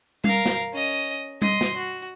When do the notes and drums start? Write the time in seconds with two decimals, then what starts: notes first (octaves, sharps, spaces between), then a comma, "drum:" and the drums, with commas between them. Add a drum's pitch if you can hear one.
0.24 A#4 F5, drum: tom G3
0.46 drum: snare
0.73 C#4 D#5
1.42 D#5 C6, drum: tom G3
1.61 drum: snare
1.76 F#4